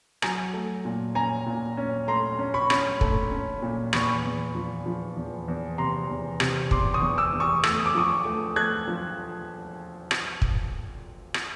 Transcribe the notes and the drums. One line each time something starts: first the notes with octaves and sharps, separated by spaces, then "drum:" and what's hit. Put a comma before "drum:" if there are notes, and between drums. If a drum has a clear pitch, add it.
F#3 G#5 A#5, drum: rim click
A3
A#2
C#4 G#5 A#5
A#2
C#4
A3 A#5 C6
C#4
B5 C#6
C#4, drum: rim click
A3, drum: kick
C#4
A#2
E2 B5 C#6, drum: rim click
E2
F3
F3
E2
E2
C3 A#5 C6
E2
C3, drum: rim click
E2 C6 D6, drum: kick
C#6 D#6
E2
D6 E6
E2
C#6 D#6
A3 E6, drum: rim click
D#6
D6
F3 C#6 D#6
A3
A3 F#6 G#6
F3
drum: rim click
drum: kick
drum: rim click